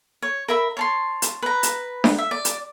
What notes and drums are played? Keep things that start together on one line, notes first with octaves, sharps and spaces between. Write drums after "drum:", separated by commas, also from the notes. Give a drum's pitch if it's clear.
C#5
A#4 E5 B5
C#5 A5 C6
drum: hi-hat
B4 A#5
drum: hi-hat
drum: snare D4
E5
D5
drum: hi-hat